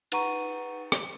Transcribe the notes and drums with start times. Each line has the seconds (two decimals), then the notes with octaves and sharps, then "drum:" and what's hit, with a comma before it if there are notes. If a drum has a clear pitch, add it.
0.12 D#4 B4 F#5 A#5 C#6 D#7, drum: cymbal
0.92 drum: rim click